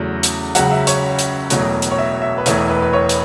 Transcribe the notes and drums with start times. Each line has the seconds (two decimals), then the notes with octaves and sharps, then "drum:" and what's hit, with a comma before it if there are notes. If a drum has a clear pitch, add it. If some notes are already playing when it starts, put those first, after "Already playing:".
Already playing: E2 C#3 F#3 A3
0.23 drum: hi-hat
0.55 C#2 C#3 F#3 F#5, drum: hi-hat
0.71 E5
0.87 C#5, drum: hi-hat
1.19 drum: hi-hat
1.50 E1 E2 B2 F#3 A3, drum: hi-hat
1.82 drum: hi-hat
1.91 C#5
1.98 E5
2.22 E5
2.38 B4
2.46 E1 E2 E3 A3 C#5, drum: hi-hat
2.70 B4
2.82 B4
2.93 C#5
3.09 drum: hi-hat